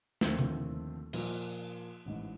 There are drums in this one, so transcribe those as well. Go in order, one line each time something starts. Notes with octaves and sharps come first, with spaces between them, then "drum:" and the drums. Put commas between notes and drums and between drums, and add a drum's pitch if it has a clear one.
D#2 D3 F3 A3 C4, drum: snare
drum: tom C3
A#2 F3 A#3, drum: cymbal
A1 G#2 E3